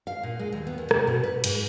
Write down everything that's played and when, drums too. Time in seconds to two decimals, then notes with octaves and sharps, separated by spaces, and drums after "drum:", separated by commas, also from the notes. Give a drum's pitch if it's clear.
0.07 F5
0.23 A#2
0.39 G#3
0.52 D#2
0.67 B3
0.78 D#2
0.91 C3, drum: rim click
1.07 B2
1.23 B4
1.44 G#2, drum: cymbal